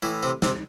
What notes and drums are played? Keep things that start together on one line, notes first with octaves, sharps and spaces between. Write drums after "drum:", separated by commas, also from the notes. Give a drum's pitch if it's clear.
A2 E3 E4
C3 C4
C3 C4, drum: snare